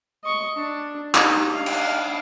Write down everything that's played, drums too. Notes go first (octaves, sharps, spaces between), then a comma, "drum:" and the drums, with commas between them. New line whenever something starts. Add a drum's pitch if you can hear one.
D#5 C#6
D4
D#4 G4, drum: clap
D4 F5
drum: cymbal